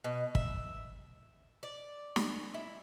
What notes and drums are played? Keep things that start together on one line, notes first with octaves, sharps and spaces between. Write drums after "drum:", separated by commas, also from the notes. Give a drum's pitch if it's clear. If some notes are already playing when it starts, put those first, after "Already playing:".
B2
E5, drum: kick
D5
drum: snare
E4